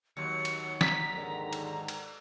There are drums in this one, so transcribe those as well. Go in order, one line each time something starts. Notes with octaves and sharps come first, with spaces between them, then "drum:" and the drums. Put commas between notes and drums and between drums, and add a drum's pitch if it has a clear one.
D#2 F#3 C#7
drum: cymbal
A#5 B6, drum: snare
G#2 D3 D#3
drum: cymbal
drum: cymbal